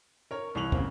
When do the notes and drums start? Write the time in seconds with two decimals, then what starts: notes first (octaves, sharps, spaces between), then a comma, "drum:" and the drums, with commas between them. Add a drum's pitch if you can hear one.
0.31 A#4 C#5
0.55 C2 E3 C#6 F7 F#7
0.72 C#3 A#3 C4, drum: kick